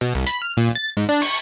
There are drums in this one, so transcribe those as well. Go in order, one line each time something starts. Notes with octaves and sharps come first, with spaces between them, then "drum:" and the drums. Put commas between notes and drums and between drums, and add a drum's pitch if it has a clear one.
B2
C2
B5, drum: hi-hat
F6
A#2
A6
G#2
D4
C#6, drum: cymbal